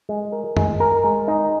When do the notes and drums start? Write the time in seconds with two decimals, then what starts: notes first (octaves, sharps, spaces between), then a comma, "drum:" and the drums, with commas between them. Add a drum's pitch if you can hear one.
0.09 G#3
0.32 A#4
0.57 G#3, drum: tom F#2
0.80 A#4
1.04 G#3
1.28 D#4